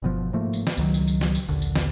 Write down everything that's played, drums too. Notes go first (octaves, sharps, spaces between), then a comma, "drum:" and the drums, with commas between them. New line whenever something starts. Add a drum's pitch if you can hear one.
G1 B2 F3
G#2 F3 A3 A#3
drum: tambourine
drum: snare
C#2 D#3 F#3, drum: tambourine
drum: tambourine
drum: tambourine
drum: snare
drum: tambourine
A#1 D#2 D3
drum: tambourine
drum: snare